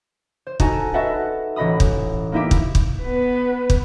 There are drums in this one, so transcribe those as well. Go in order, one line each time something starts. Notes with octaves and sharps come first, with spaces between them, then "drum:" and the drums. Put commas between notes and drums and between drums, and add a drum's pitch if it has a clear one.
C5
D#4 F#4 A4 G#5 A5, drum: kick
F#4 A4 B4 D#5 E5 F#5
A1 F#4 D#5 B5 D#6
drum: kick
A#3 B3 D#4 E4 G4
drum: kick
drum: kick
B3 B4
drum: kick